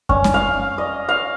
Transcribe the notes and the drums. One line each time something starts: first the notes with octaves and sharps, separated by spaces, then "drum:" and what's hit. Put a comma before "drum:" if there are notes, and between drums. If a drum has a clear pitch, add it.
C#4, drum: kick F#2
drum: snare C#4
F5
D#5
F5